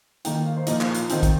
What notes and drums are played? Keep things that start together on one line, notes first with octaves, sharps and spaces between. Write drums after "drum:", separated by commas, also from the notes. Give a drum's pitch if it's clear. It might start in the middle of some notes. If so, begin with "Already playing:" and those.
D#3 A#3 D#4 G5, drum: hi-hat
F5
C5
A#2 F3 A#3 D#4 D#5, drum: hi-hat
F5, drum: clap
F5, drum: hi-hat
D#3 C4 D#4, drum: hi-hat
drum: kick, hi-hat